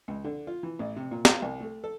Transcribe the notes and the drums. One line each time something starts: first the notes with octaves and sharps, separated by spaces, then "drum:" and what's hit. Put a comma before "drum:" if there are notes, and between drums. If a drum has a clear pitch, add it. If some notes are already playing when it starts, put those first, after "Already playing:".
C#2
D3
F4
E3
A1
C3
A#2
F5, drum: snare
C2
A3
A4